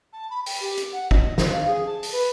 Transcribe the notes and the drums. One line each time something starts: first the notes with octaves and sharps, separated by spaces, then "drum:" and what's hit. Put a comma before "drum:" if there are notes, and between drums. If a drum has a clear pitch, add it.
A5
B5
G5, drum: open hi-hat
G4
drum: hi-hat
F#5
D#5, drum: kick
C5, drum: snare
F5
G#4
A5
drum: open hi-hat
B4